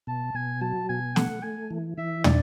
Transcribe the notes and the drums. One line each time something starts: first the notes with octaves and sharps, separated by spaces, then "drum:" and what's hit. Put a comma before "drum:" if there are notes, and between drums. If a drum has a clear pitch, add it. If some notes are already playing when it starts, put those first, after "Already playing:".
B2 A5
B2 G#5
F#3 A5
B2 G#5
A3 F#5, drum: snare
A3 G#5
E3
E3 E5
D4 D5, drum: tom